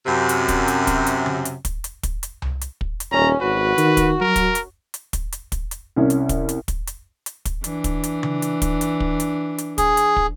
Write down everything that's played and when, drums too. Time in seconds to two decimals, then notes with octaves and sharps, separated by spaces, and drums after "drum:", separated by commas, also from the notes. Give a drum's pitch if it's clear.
0.06 F#2 C3
0.29 drum: hi-hat
0.48 drum: kick, hi-hat
0.68 drum: hi-hat
0.87 drum: kick, hi-hat
1.07 drum: hi-hat
1.26 drum: tom C#3
1.45 drum: hi-hat
1.65 drum: kick, hi-hat
1.84 drum: hi-hat
2.03 drum: kick, hi-hat
2.23 drum: hi-hat
2.42 drum: tom C2
2.61 drum: hi-hat
2.81 drum: kick
3.00 drum: hi-hat
3.12 D#1 C#4 A#5
3.42 G#1 F#4 B4
3.78 D#3, drum: hi-hat
3.97 drum: kick, hi-hat
4.21 F#3 A#4
4.36 drum: kick, hi-hat
4.55 drum: hi-hat
4.94 drum: hi-hat
5.13 drum: kick, hi-hat
5.32 drum: hi-hat
5.52 drum: kick, hi-hat
5.71 drum: hi-hat
5.96 C2 C#4
6.10 drum: hi-hat
6.29 drum: kick, hi-hat
6.49 drum: hi-hat
6.68 drum: kick, hi-hat
6.87 drum: hi-hat
7.26 drum: hi-hat
7.45 drum: kick, hi-hat
7.64 E3 D4, drum: hi-hat
7.84 drum: kick, hi-hat
8.04 drum: hi-hat
8.23 drum: tom C#3
8.42 drum: hi-hat
8.62 drum: kick, hi-hat
8.81 drum: hi-hat
9.00 drum: kick
9.20 drum: hi-hat
9.58 drum: hi-hat
9.78 G#4, drum: kick, hi-hat
9.97 drum: hi-hat
10.16 drum: kick